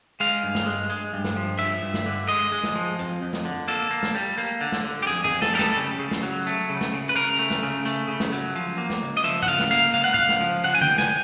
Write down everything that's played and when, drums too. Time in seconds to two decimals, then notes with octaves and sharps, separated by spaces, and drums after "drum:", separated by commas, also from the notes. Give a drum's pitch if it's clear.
0.20 G#3 F5, drum: hi-hat
0.43 G2
0.55 drum: snare
0.66 G#3
0.90 G#3, drum: hi-hat
1.13 G2
1.24 drum: snare
1.36 F3
1.59 G2 E5, drum: hi-hat
1.82 G2
1.94 drum: snare
2.06 D3
2.28 G#3 D#5, drum: hi-hat
2.52 G#3
2.64 drum: snare
2.75 F3
2.99 F2, drum: hi-hat
3.22 F2
3.33 drum: snare
3.45 D3
3.68 A#3 A4, drum: hi-hat
3.91 A#3
4.03 drum: snare
4.15 G3
4.38 A#3, drum: hi-hat
4.61 D3
4.72 drum: snare
4.84 D3
5.03 G4
5.06 F2 G#4, drum: hi-hat
5.24 G#4, drum: tom
5.30 F2
5.42 A4, drum: snare
5.54 G3 A#4
5.59 A4, drum: snare
5.77 C#3, drum: hi-hat
5.99 C#3
6.11 drum: snare
6.23 F#3
6.47 A3, drum: hi-hat
6.69 C#3
6.81 drum: snare
6.93 C#3
7.09 B4
7.15 C#3 A#4, drum: hi-hat
7.39 A3
7.51 drum: snare
7.63 C#3
7.86 A3, drum: hi-hat
8.08 C#3
8.20 drum: snare
8.32 F#3
8.55 F3, drum: hi-hat
8.78 A#3
8.90 drum: snare
9.02 C#2
9.17 D#5
9.24 F3 E5, drum: hi-hat
9.43 F#5, drum: tom G#2
9.48 C#3 F5
9.59 drum: snare
9.71 A#3 F5
9.94 C#2 F5, drum: hi-hat
10.04 F#5
10.14 C#2 F5, drum: tom G#2
10.29 drum: snare
10.40 F3
10.64 C#3 F#5
10.75 G#5
10.82 G5, drum: tom D3
10.87 C#2
10.98 G#5, drum: snare